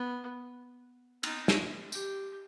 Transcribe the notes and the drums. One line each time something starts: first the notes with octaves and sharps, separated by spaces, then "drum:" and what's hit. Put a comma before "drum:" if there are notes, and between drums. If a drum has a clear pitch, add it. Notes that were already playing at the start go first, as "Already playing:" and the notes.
Already playing: B3
D#4, drum: cymbal
drum: snare
G4, drum: tambourine